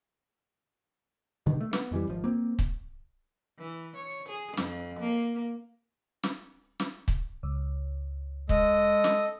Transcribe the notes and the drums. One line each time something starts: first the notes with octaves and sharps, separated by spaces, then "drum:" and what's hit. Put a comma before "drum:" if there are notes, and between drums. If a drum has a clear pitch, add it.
G2 B2 D3 D#3
A3
B3, drum: snare
F2 E3 G3
G#1 F3
A#3 C4
drum: kick
E3
C#5
G#4
F2, drum: snare
A#3
drum: snare
drum: snare
drum: kick
C#2
G#3 A4 D#5, drum: kick
drum: snare